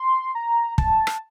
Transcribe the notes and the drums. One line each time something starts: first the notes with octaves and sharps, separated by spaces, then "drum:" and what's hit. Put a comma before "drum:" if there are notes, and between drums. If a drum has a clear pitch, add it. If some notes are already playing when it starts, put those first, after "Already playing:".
Already playing: C6
A#5
A5, drum: kick
drum: rim click